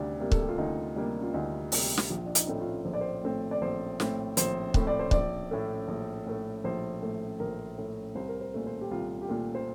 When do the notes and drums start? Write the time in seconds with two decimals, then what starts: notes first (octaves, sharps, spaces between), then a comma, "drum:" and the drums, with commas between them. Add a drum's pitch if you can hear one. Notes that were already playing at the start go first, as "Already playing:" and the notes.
Already playing: D2 C3 G3 D4
0.20 C3 G3 A#3
0.32 A4, drum: kick C#1
0.40 G4
0.49 F4
0.58 D2 D#4
0.96 C3 G3 A#3 D4
1.23 F4
1.33 D2 D#4
1.72 C3 G3 A#3, drum: open hi-hat
1.97 drum: snare
2.10 A#1 F4
2.26 D4
2.35 D#4, drum: hi-hat
2.47 A2 A3 C4
2.60 F4
2.85 A#1 C5
2.94 D5
3.01 C5
3.23 A2 A3 C4
3.51 D5
3.62 A#1 C5
4.00 A2 A3 C4, drum: snare
4.37 A#1 C5, drum: hi-hat
4.74 A2 A3 C4, drum: kick C#1
4.87 D5
4.99 C5
5.11 A#1 D5, drum: kick C#1
5.51 A2 A3
5.88 A#1
6.26 A2 A3
6.64 A#1 C5
7.02 A2 A3
7.40 A#1 A#4
7.78 A2 A3
8.15 C2 C5
8.28 A#4
8.41 C5
8.54 A#2 A3
8.66 C5
8.81 G4
8.91 C2 F4
9.22 G4
9.29 A#2 A3 F4
9.55 C5